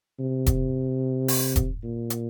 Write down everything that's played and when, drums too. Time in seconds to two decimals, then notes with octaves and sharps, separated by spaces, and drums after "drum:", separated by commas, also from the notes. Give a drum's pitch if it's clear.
0.20 C3
0.46 drum: kick E1, hi-hat
1.28 drum: open hi-hat
1.56 drum: kick E1, hi-hat
1.84 A#2
2.10 drum: hi-hat